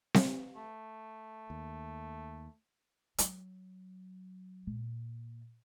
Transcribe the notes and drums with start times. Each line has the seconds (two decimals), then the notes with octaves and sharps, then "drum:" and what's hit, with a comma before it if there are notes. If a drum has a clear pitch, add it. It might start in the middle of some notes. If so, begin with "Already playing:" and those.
0.14 drum: snare C4
0.56 A3
1.50 D#2
3.18 F#3, drum: hi-hat
4.67 A#2